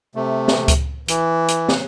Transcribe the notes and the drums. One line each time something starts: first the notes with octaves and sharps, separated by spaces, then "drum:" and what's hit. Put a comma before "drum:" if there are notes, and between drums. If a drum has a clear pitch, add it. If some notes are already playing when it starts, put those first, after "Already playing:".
C3 A3
drum: snare
drum: kick C#2, hi-hat
E3, drum: hi-hat
drum: hi-hat
drum: snare